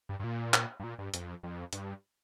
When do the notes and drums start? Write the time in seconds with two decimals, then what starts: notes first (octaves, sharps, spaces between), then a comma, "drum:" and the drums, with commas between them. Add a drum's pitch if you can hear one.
0.09 G2
0.20 G2
0.24 A#2
0.54 drum: clap
0.80 G2
0.84 A#2
0.99 G2
1.14 F2, drum: hi-hat
1.43 F2
1.73 G2, drum: hi-hat